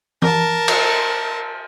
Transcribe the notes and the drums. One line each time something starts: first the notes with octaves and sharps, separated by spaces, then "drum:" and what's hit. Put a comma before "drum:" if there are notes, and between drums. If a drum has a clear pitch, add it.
A#4 A5, drum: tom E3
drum: cymbal